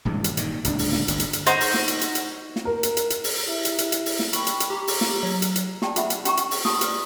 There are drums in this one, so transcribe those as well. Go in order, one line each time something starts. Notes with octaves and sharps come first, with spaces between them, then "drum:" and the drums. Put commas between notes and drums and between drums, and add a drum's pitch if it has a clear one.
D#1 G2 E3 G#3
drum: hi-hat
A#2 D#3, drum: hi-hat
D1 C#2 C4 D4, drum: hi-hat
drum: open hi-hat
drum: snare
G1, drum: hi-hat
drum: hi-hat
drum: hi-hat
D#4 F#4 C5 A#5, drum: hi-hat
drum: open hi-hat
drum: snare
drum: hi-hat
drum: hi-hat
drum: hi-hat
drum: snare
A#4
drum: hi-hat
drum: hi-hat
drum: hi-hat
drum: open hi-hat
E4 G4 E5
drum: hi-hat
drum: hi-hat
drum: hi-hat
drum: open hi-hat
drum: snare
G5 B5 C#6, drum: hi-hat
drum: hi-hat
drum: hi-hat
G4 A#5
drum: open hi-hat
drum: snare
F#3
drum: hi-hat
drum: hi-hat
E4 G4 D5 G5 A5, drum: snare
F4 G#4 E5 F#5 B5, drum: hi-hat
drum: hi-hat
C#4 G4 G5 A#5 C#6, drum: hi-hat
drum: hi-hat
drum: open hi-hat
F4 G4 A5 D#6, drum: snare
G4 B4 D5, drum: hi-hat